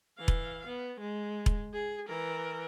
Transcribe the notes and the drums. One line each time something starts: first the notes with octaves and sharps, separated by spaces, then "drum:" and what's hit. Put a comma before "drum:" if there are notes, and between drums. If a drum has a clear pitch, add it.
E3 F5
drum: kick E1
B3
G#3
drum: kick E1
G#4
E3 A#4